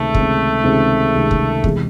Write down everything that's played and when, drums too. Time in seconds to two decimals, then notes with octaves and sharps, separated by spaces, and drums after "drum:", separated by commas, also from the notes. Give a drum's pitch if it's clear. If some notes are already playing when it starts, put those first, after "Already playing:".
Already playing: C#2 C3 D#3 G#3 A3 C4
0.15 C#2 C3 D#3 G#3 C4, drum: kick
0.64 C#2 C3 D#3 G#3 C4
1.14 C#2 C3 D#3 G#3 C4
1.31 drum: kick
1.64 E2 C3 E3 G#3, drum: kick